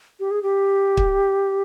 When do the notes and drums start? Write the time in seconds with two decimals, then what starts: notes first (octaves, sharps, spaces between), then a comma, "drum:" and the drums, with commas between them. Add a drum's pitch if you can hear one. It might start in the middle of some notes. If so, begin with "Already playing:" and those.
0.20 G4
0.31 G#4
0.43 G4
0.97 drum: kick